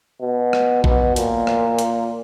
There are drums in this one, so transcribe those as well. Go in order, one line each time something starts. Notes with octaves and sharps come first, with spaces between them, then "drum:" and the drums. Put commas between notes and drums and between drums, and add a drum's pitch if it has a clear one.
B2
drum: rim click
B2, drum: kick A1
A#2, drum: hi-hat
drum: rim click
drum: hi-hat